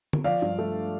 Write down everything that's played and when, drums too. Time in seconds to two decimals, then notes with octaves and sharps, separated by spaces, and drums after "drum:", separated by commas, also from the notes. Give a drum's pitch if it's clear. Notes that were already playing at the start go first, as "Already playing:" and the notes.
0.13 drum: tom D3
0.24 F3 D5 F5
0.42 G2
0.58 A3